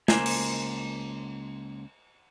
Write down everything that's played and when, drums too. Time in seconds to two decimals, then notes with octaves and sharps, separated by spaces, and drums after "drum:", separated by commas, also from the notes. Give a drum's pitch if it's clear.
0.08 C#2 A#3 C5 G#5, drum: snare
0.26 drum: cymbal